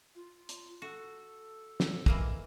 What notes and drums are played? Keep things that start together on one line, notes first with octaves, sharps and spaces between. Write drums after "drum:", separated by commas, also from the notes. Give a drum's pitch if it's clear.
F4
drum: hi-hat
F#4 A4
drum: snare
E3 A#3 D#5, drum: kick